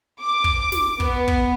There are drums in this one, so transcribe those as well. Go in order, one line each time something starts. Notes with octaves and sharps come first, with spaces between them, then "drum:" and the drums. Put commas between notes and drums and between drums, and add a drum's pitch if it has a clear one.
D6
drum: kick
drum: snare
B3, drum: kick
drum: kick